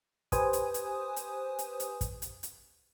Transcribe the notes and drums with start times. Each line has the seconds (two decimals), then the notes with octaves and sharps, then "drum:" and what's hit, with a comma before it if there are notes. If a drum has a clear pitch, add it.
0.32 G4 B4 C5 G#5 D#6, drum: kick, hi-hat
0.53 drum: hi-hat
0.74 drum: hi-hat
1.16 drum: hi-hat
1.59 drum: hi-hat
1.80 drum: hi-hat
2.01 drum: kick, hi-hat
2.22 drum: hi-hat
2.43 drum: hi-hat